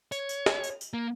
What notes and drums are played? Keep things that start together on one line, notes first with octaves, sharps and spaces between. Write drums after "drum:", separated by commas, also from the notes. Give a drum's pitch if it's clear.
C#5, drum: tambourine
drum: tambourine
drum: snare
drum: tambourine
drum: tambourine
A#3